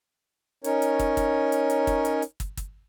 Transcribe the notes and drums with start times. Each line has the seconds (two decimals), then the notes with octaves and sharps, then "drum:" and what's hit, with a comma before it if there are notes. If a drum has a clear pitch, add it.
0.64 C#4 D#4 A#4 C#5, drum: hi-hat
0.82 drum: hi-hat
0.99 drum: kick, hi-hat
1.17 drum: kick, hi-hat
1.52 drum: hi-hat
1.70 drum: hi-hat
1.87 drum: kick, hi-hat
2.05 drum: hi-hat
2.22 drum: hi-hat
2.40 drum: kick, hi-hat
2.57 drum: kick, hi-hat